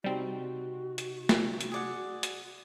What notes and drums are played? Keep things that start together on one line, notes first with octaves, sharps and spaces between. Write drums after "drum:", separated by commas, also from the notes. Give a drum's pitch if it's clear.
C3 G3 C4 D#4 F#4
drum: hi-hat
drum: snare
drum: hi-hat
G#4 D5 F#5
drum: hi-hat